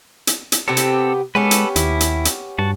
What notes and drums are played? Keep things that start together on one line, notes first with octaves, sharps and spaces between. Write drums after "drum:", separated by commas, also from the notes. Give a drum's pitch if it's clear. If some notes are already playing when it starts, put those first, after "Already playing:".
drum: hi-hat
drum: hi-hat
C3 B3 C4 G4 A4
drum: hi-hat
G#3 B3 C#4 G4 A4 B4
drum: hi-hat
D#2 E4, drum: hi-hat
drum: hi-hat
drum: hi-hat
G2 F#4 A5